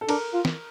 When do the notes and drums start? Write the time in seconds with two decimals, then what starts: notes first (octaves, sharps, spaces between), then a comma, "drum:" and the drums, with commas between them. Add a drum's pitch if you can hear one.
0.01 A4
0.09 D4 A#4, drum: cymbal
0.33 F4
0.45 drum: snare